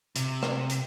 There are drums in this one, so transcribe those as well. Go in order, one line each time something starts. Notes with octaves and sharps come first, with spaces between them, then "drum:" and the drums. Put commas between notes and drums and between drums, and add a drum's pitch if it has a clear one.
C3, drum: hi-hat
drum: rim click
drum: hi-hat